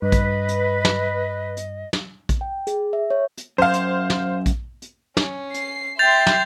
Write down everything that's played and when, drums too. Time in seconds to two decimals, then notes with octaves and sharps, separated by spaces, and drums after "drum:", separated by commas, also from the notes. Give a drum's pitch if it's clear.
0.02 G2 B4 D#5
0.12 drum: kick A#1, hi-hat
0.48 drum: hi-hat
0.85 drum: snare
1.57 drum: hi-hat
1.93 drum: snare
2.29 drum: kick A#1, hi-hat
2.41 G5
2.67 G#4, drum: hi-hat
2.93 E5
3.10 C#5
3.38 drum: hi-hat
3.58 F#2 C5 F5
3.74 drum: hi-hat
4.10 drum: snare
4.46 drum: kick A#1, hi-hat
4.82 drum: hi-hat
5.17 C#4, drum: snare
5.54 C7, drum: hi-hat
5.99 E5 G5 C6 G6 A6 C7 F7
6.27 drum: snare